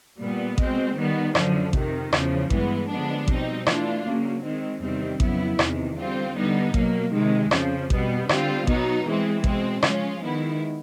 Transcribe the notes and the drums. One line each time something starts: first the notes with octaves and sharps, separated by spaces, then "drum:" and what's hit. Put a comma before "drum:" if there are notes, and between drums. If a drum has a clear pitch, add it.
A#2 G3 B3
B2 G#3 C4, drum: kick A1
D#3 G3 B3
F#2 D3 F3, drum: rim click
F2 C3 D#3, drum: kick A1
E2 C#3 F3, drum: rim click
G2 E3 G#3 B3, drum: kick A1
D3 F3 G#3 B3 D4
B2 G3 C4 D#4, drum: kick A1
E3 A3 D4 F4, drum: rim click
C#3 F#3 A#3
D#3 G#3 C4
E2 C3 D#3 G3 C4
F2 C#3 F#3 B3 E4, drum: kick A1
E2 C3 D#3, drum: rim click
D3 G3 C4 F4
D3 G3 B3 D#4
B2 F#3 A#3, drum: kick A1
C3 D#3 G#3
F2 C#3 F3, drum: rim click
B2 G3 B3, drum: kick A1
D3 G3 C4 F4, drum: rim click
B2 F#3 B3 D#4, drum: kick A1
E3 G#3 C4
B2 G#3 C4, drum: kick A1
C#3 F3 G#3 C#4 F4, drum: rim click
D#3 G#3 B3 E4